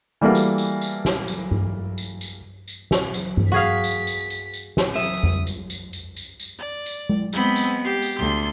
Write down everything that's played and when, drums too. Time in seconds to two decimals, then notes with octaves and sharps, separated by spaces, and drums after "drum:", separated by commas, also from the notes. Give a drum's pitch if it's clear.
0.21 E3 G3 A3 A#3 F#4
0.35 drum: tambourine
0.58 drum: tambourine
0.82 drum: tambourine
1.05 drum: snare
1.28 drum: tambourine
1.51 drum: tom G2
1.98 drum: tambourine
2.21 drum: tambourine
2.68 drum: tambourine
2.91 drum: snare
3.14 drum: tambourine
3.37 drum: tom G2
3.52 F#4 G#4 F5 B6
3.84 drum: tambourine
4.07 drum: tambourine
4.30 drum: tambourine
4.54 drum: tambourine
4.77 drum: snare
4.95 E5 D#6
5.23 drum: tom F2
5.47 drum: tambourine
5.70 drum: tambourine
5.93 drum: tambourine
6.16 drum: tambourine
6.40 drum: tambourine
6.59 D5
6.86 drum: tambourine
7.09 drum: tom G#3
7.33 G#3 B3 C4 B5, drum: tambourine
7.56 drum: tambourine
7.84 G4 C7
8.02 drum: tambourine
8.19 D2 C6